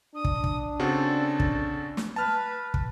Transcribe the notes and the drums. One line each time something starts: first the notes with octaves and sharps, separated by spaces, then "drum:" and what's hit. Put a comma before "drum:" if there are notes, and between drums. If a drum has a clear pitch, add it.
D4 D#6
drum: kick
drum: kick
C#3 C4 F#4 A4
drum: kick
drum: snare
B4 A5 F6
drum: kick